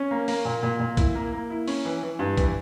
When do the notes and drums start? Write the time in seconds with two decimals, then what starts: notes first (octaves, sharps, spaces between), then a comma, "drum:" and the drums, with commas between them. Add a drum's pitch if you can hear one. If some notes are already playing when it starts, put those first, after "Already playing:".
Already playing: C#4
0.11 A#3
0.28 A#3, drum: open hi-hat
0.45 A#2
0.63 A#2
0.80 A#2
0.97 E4, drum: kick, hi-hat
1.15 A#3
1.33 A#3
1.50 E4
1.68 C#4, drum: open hi-hat
1.85 E3
2.03 E3
2.19 G2
2.37 E3, drum: kick, hi-hat